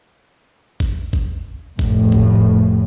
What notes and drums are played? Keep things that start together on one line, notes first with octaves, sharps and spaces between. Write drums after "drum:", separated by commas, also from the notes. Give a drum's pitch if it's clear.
drum: kick G#1
drum: kick G#1
F1 A2, drum: kick G#1
drum: kick G#1